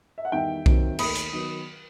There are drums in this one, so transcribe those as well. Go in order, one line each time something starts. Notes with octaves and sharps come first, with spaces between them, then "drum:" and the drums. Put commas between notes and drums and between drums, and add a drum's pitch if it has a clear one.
E5
F#5
E2 D#3 G3 D#4 E5 G5
D#2 D#3 F#3 C4, drum: kick B1
D#2 D#3 A3 B5 D#6, drum: cymbal
drum: hi-hat
D#3 F#3 B3